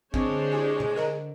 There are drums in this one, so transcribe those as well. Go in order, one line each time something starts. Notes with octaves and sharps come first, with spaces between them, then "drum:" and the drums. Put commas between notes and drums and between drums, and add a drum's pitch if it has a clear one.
D3 G#3 C4 D4 C5 C#5, drum: kick
E4 G4 G#5
drum: tom B2
A#4 D#5 A#5